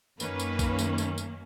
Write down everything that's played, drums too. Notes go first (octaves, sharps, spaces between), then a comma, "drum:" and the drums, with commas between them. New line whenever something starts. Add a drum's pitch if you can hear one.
F#2 D#3 A#3 C#4 B4, drum: tambourine
drum: tambourine
drum: kick B1, tambourine
drum: tambourine
drum: tambourine
drum: tambourine